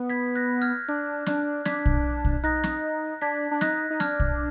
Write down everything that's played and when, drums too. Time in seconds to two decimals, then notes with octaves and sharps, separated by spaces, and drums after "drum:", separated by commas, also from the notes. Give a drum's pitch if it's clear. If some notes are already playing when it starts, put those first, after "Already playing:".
Already playing: B3
0.10 G#6 B6
0.36 F#6 A#6
0.62 F6 G#6
0.88 D4 F#6
1.26 D4 F#6, drum: snare
1.65 D4 G#6 B6, drum: snare
1.86 drum: kick
2.25 drum: kick
2.43 D#4 F#6 A#6
2.64 drum: snare
3.22 D4 G#6 B6
3.51 D4
3.61 D#4 F#6 A#6, drum: snare
3.90 D#4
4.00 D4 F6 G#6, drum: snare
4.20 drum: kick